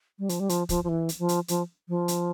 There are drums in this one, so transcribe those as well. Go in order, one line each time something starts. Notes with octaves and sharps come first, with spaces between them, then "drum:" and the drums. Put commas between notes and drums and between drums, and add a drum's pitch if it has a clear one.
G3
F3, drum: hi-hat
G3
F3, drum: hi-hat
F3, drum: kick, hi-hat
F3
E3
drum: hi-hat
F3
drum: hi-hat
F3, drum: hi-hat
F3
drum: hi-hat